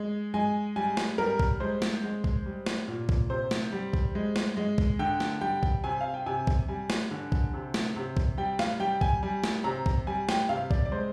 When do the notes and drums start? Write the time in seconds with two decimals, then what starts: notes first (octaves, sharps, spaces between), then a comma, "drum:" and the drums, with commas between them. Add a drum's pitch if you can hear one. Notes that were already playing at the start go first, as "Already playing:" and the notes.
Already playing: G#3
0.34 G#3 G#5
0.76 G3 G#5
0.97 drum: snare
1.18 G3 A#4
1.40 drum: kick
1.60 G#3 C5
1.82 drum: snare
2.04 G#3
2.24 drum: kick
2.46 G3
2.66 drum: snare
2.88 A#2
3.09 drum: kick
3.30 C3 C5
3.51 drum: snare
3.73 G3
3.93 drum: kick
4.15 G#3
4.36 drum: snare
4.57 G#3
4.78 drum: kick
4.99 D3 G5
5.20 drum: snare
5.41 G3 G5
5.63 drum: kick
5.84 C3 G#5
6.01 F5
6.14 G5
6.26 C3 G#5
6.47 drum: kick
6.68 G3 G#5
6.90 drum: snare
7.11 D3
7.32 drum: kick
7.54 C3
7.74 drum: snare
7.96 C3
8.17 drum: kick
8.37 G3 G5
8.59 F5, drum: snare
8.79 G3 G5
9.01 G#5, drum: kick
9.23 G3 G#5
9.44 drum: snare
9.64 C3 A#5
9.86 drum: kick
10.07 G3 G#5
10.29 G5, drum: snare
10.49 C3 F5
10.71 D5, drum: kick
10.86 D5
10.92 G#3 C5